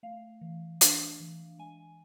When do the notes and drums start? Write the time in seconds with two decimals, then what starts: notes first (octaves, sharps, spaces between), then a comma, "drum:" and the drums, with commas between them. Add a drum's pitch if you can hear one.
0.03 A3 F5
0.41 E3
0.81 D4, drum: hi-hat
1.20 E3
1.59 G#3 G#5